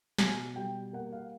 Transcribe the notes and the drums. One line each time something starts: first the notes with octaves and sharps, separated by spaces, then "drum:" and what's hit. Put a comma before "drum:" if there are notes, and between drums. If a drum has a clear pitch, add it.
B2 G#5, drum: snare
G3 G5
A#3 F#5
F5